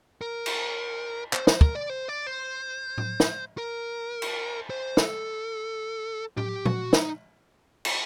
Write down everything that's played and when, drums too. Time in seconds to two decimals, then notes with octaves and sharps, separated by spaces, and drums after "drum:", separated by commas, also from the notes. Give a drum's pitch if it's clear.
0.22 A#4
0.46 drum: cymbal
1.33 C5, drum: clap
1.47 C5, drum: snare
1.61 A#4, drum: kick
1.75 D5
1.90 C5
2.08 D5
2.27 C5
2.98 drum: tom A2
3.20 drum: snare
3.58 A#4
4.22 drum: cymbal
4.70 C5
4.97 A4, drum: snare
6.37 G4, drum: tom A2
6.65 F#4, drum: tom A#2
6.93 D#4, drum: snare
7.85 drum: cymbal